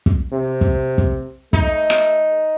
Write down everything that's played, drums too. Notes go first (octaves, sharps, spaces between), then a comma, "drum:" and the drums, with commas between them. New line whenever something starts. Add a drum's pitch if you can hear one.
drum: kick
C3
drum: kick
drum: kick
A3 D#4, drum: kick
drum: rim click